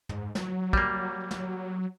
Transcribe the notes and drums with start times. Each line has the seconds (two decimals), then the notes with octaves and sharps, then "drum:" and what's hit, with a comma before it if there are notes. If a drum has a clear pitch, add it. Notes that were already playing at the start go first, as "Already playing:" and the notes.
0.09 G#2, drum: tom
0.35 F#3, drum: snare
0.73 G3 A#3, drum: kick
1.31 drum: snare